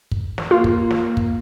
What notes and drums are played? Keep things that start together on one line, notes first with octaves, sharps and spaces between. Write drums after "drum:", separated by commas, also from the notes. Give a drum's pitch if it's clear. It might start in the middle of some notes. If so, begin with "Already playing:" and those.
drum: kick
drum: snare
A#3 F4
drum: kick
drum: snare
drum: kick